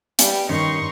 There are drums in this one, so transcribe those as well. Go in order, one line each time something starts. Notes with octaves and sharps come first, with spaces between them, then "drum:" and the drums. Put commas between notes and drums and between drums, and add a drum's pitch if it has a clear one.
G3 B3, drum: hi-hat
G2 D#3 C#4 D#4 C6 C#6